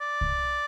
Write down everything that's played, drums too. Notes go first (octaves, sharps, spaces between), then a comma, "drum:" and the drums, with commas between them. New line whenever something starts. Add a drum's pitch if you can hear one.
D5
drum: kick C2